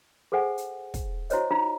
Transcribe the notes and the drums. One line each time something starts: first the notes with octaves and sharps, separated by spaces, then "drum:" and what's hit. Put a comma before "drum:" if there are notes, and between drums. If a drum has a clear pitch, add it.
G#4 A4 C5 F#5 G#5
drum: hi-hat
drum: kick, hi-hat
E4 F#4 C5 C#5 D#5, drum: hi-hat
D#4 F4 A#5